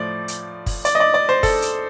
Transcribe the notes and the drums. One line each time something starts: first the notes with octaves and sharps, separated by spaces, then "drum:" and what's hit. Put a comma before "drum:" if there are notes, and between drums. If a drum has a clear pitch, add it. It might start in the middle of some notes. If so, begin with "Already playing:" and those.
Already playing: A2 F3 D5
drum: hi-hat
drum: kick F#1, open hi-hat
D5, drum: hi-hat
D#5
D5
D5
C5
A4, drum: kick F#1, open hi-hat
drum: hi-hat